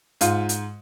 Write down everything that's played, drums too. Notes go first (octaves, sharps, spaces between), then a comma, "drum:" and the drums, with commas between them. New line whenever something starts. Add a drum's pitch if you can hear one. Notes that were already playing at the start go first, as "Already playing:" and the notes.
G#2 F4, drum: hi-hat
drum: hi-hat